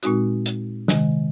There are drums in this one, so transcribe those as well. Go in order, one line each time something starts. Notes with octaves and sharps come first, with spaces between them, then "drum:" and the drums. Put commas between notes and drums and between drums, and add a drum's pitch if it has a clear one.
A#2 G#3 C4 D#4 F#4, drum: hi-hat
drum: hi-hat
C3 D#3 G#3, drum: snare